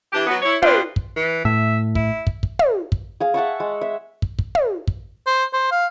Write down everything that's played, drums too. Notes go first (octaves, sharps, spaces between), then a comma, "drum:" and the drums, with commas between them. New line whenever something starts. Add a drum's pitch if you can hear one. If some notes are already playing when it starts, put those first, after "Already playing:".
E3 D4 E4 G4
F#3 B3
E4 C#5
B2 B3 C4 D4 F4 C5, drum: tom
drum: kick
E3
A2 E5
E4, drum: kick
drum: kick
drum: kick
drum: tom
drum: kick
G#4 F5
E5 F#5 A5 C#6
G#3
E5
drum: kick
drum: kick
drum: tom
drum: kick
C5
C5
F5